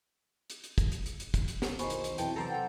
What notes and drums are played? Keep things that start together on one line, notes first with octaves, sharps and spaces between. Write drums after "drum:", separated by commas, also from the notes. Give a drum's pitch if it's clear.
drum: hi-hat
drum: hi-hat
drum: kick, hi-hat
drum: hi-hat
drum: hi-hat
drum: hi-hat
drum: kick, hi-hat
drum: hi-hat
drum: snare
B1 E2 D#3 C5 G#5 B5 C#6, drum: hi-hat
drum: hi-hat
drum: hi-hat
E2 B2 E3 C4 G5 A5, drum: hi-hat
C3 F#3 A4 C5 D5 A#5
F#5 G5